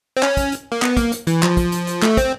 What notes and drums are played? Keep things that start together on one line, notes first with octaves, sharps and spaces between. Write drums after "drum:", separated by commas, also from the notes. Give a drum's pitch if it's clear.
C4
C#4, drum: clap
drum: kick, hi-hat
drum: hi-hat
A#3
B3, drum: clap
A#3, drum: kick, hi-hat
drum: hi-hat
E3, drum: hi-hat
F3, drum: clap
drum: kick, hi-hat
drum: hi-hat
drum: hi-hat
A3, drum: clap
C4, drum: kick, hi-hat